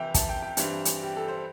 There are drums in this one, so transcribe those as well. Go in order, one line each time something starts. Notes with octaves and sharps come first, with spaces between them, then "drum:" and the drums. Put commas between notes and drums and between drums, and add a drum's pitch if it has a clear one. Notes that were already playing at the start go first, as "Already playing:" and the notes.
Already playing: C2 C3 E3 E5 G5
A5, drum: kick, hi-hat
G5
G5
G2 E3 G3 C4, drum: hi-hat
drum: hi-hat
G4
A4
C5